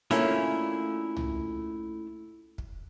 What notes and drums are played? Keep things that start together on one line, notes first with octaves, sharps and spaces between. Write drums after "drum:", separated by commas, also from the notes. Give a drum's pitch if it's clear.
A3 A#3 C#4 D4 E4 F4, drum: hi-hat
drum: tom
drum: kick